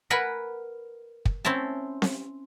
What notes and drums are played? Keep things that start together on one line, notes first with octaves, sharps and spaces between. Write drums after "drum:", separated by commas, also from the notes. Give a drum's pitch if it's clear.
A#4 B4 F#5 G#5 B5
drum: kick
C4 C#4 E4 A5
drum: snare C4